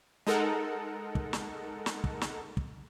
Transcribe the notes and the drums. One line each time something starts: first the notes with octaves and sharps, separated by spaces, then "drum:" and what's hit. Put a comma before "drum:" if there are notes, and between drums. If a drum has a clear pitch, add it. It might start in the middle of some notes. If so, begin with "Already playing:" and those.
G#3 D#4 A4 A#4 F#5
drum: kick
drum: snare
drum: snare
drum: kick
drum: snare
drum: kick